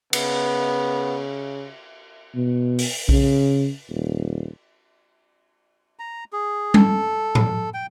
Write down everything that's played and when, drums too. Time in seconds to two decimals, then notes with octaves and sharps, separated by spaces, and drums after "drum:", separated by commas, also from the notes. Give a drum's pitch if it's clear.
0.13 C#3 B3, drum: cymbal
2.35 B2
2.79 drum: open hi-hat
3.09 C#3, drum: kick B1
3.89 D#1
5.99 A#5
6.33 G#4
6.74 A4, drum: tom G3
7.35 drum: tom A2
7.74 G5